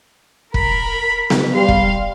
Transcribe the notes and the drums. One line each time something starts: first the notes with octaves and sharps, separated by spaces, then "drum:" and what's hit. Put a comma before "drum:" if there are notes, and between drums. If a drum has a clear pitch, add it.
A#4 B5, drum: kick
drum: snare B3
G3 F5 C6
drum: kick